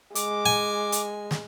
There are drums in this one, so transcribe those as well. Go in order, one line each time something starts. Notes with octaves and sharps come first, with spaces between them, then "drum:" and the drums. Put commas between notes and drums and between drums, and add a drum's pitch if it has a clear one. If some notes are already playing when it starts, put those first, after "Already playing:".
G#3 D6, drum: hi-hat
G#5
drum: hi-hat
drum: snare